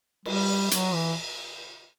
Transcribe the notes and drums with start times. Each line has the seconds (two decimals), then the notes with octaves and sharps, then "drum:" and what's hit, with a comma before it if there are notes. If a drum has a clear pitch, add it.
0.25 G3, drum: cymbal
0.71 F#3, drum: hi-hat
0.94 E3